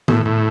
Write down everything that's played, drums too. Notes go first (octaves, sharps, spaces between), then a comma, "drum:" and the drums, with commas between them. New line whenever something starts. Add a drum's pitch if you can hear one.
A2, drum: tom D#3
A2